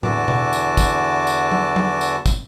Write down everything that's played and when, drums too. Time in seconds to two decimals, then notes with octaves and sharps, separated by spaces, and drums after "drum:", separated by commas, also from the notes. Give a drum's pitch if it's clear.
0.03 E2 D3 E3 F#4 A5 D6, drum: tom A2
0.28 drum: tom B2
0.53 drum: tambourine
0.77 drum: kick, tambourine
1.27 drum: tambourine
1.52 drum: tom F#3
1.76 drum: tom F#3
2.01 drum: tambourine
2.26 drum: kick, tambourine